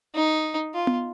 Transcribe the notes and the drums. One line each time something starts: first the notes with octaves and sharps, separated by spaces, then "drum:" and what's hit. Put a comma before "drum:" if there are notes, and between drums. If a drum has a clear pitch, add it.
D#4
F4
drum: tom B3